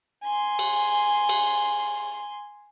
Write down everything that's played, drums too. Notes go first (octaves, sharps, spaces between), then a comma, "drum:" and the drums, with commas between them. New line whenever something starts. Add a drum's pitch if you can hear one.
G#5 C6
drum: cymbal
drum: cymbal